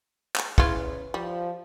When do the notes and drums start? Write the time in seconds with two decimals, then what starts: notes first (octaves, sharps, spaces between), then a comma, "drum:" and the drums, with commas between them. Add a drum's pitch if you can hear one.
0.36 drum: clap
0.58 E2 C#3 E3 G#3 F4 B4, drum: kick
1.14 F3 G3